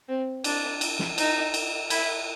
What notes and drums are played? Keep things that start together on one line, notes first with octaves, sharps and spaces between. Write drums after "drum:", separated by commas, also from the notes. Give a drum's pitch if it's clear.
C4
D4, drum: cymbal
drum: cymbal
drum: snare
D#4, drum: cymbal
drum: cymbal
E4, drum: cymbal